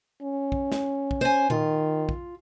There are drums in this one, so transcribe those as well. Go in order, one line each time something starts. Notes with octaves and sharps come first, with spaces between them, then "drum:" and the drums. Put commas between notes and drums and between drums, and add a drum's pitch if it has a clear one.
C#4
drum: kick
drum: snare
drum: kick
C5 G#5
D#3 F4, drum: tom A#2
drum: kick